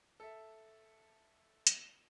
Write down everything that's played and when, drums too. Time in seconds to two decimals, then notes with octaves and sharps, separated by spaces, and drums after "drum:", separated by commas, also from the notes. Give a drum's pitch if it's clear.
0.20 A4 E5
1.67 drum: hi-hat